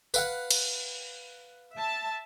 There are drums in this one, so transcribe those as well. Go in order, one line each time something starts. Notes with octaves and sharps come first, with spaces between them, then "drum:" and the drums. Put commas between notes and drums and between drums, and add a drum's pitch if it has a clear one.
B4 F5 F#5, drum: tambourine
drum: cymbal
E5 A5